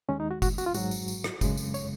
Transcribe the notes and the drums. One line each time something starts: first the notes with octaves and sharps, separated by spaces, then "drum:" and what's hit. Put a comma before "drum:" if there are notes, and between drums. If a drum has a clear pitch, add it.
D#2 D#3 G#3 C#4
D#4
F#4
F#4, drum: kick F#1, tambourine
F#4, drum: tambourine
F4
G#2 F#3 F#4, drum: tambourine
drum: tambourine
drum: tambourine
drum: rim click
F#2 C#3 G#3, drum: kick F#1, tambourine
drum: tambourine
C#5, drum: tambourine